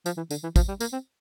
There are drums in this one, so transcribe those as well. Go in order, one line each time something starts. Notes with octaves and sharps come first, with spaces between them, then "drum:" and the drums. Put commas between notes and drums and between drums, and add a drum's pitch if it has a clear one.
F3, drum: tambourine
E3
D3, drum: tambourine
E3
F3, drum: kick, tambourine
G3
A#3, drum: tambourine
C4